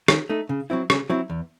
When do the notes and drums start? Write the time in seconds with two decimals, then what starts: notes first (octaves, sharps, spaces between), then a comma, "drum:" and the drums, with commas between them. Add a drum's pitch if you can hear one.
0.08 D#3, drum: rim click
0.30 A3 D#4
0.49 C#3
0.70 F#3 C4 E4
0.90 C#3, drum: rim click
1.10 F#3 C4 E4
1.30 E2